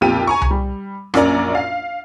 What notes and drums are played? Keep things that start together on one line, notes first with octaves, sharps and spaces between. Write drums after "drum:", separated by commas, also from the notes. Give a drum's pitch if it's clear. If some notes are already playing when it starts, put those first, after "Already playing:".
B1 F2 A#2 G4 D#7
G#5 A#5 C#6
drum: tom C2
G3
A#1 F#2 A#3 C#4 D5 A#5, drum: rim click
F5